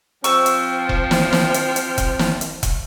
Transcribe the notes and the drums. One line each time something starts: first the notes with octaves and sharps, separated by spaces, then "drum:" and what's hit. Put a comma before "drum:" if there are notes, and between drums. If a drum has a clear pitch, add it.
F3 C4 G5 C#6 E6, drum: hi-hat
drum: hi-hat
drum: kick E1
drum: snare
drum: snare
drum: hi-hat
drum: hi-hat
drum: kick E1, hi-hat
drum: snare
drum: hi-hat
drum: kick E1, hi-hat